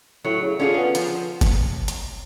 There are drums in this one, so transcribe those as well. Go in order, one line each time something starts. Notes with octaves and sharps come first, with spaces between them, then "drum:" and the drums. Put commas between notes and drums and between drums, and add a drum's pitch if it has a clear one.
A2 F#3
C#3
D3 C#4 F4 G#4
B3
F3, drum: hi-hat
drum: kick F#1, hi-hat
drum: hi-hat